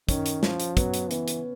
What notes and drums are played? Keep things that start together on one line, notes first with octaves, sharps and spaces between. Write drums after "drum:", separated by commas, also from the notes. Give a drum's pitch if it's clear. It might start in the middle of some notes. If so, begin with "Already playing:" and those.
D#3 C#4, drum: kick, hi-hat
drum: hi-hat
F3, drum: snare
drum: hi-hat
F#3 B3, drum: kick, hi-hat
drum: hi-hat
E3 B3, drum: hi-hat
drum: hi-hat